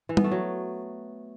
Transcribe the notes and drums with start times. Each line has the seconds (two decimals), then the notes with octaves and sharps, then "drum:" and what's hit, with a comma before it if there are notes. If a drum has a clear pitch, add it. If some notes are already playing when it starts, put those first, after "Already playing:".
0.09 E3
0.17 B3, drum: tom G3
0.24 A3
0.31 F#3